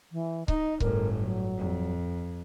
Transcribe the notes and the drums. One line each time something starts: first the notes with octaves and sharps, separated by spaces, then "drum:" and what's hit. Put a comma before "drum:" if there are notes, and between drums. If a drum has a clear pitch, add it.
E3
D#4 D#5, drum: kick C#1
G1 A2 A#4, drum: kick C#1
F#3
F2